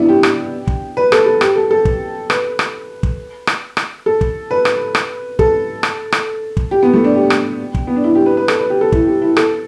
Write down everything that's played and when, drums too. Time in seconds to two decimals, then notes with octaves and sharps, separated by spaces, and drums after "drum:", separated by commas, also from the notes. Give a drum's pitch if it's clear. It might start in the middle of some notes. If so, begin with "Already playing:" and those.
Already playing: B3 D4 E4
0.09 G4
0.23 drum: rim click
0.67 drum: kick
0.97 B4
1.12 A4, drum: rim click
1.26 A4
1.41 G4, drum: rim click
1.56 A4
1.71 A4
1.85 drum: kick
2.30 B4, drum: rim click
2.59 drum: rim click
3.03 drum: kick
3.47 drum: rim click
3.77 drum: rim click
4.06 A4
4.21 drum: kick
4.51 B4
4.65 drum: rim click
4.95 drum: rim click
5.39 A4, drum: kick
5.83 drum: rim click
6.12 drum: rim click
6.57 drum: kick
6.71 G4
6.83 B3
6.94 A3
7.04 D4
7.16 G4
7.30 drum: rim click
7.74 drum: kick
7.87 B3
7.96 D4
8.04 E4
8.15 G4
8.26 B4
8.37 B4
8.48 A4, drum: rim click
8.59 B4
8.70 G4
8.81 A4
8.92 E4, drum: kick
9.07 G4
9.22 E4
9.37 A4, drum: rim click